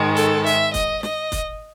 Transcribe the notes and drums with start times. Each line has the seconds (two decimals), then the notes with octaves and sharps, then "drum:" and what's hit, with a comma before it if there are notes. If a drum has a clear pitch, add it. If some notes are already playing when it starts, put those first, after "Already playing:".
Already playing: G#2 D#3 G#3
0.17 A4, drum: hi-hat
0.46 E5, drum: hi-hat
0.74 D#5, drum: kick, hi-hat
1.03 D#5, drum: snare
1.32 drum: kick, hi-hat